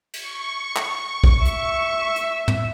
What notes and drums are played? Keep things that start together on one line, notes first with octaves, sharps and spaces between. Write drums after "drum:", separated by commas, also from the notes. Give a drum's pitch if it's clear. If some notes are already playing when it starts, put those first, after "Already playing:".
C#6, drum: cymbal
drum: clap
drum: kick A#1
E5, drum: hi-hat
drum: hi-hat
drum: tom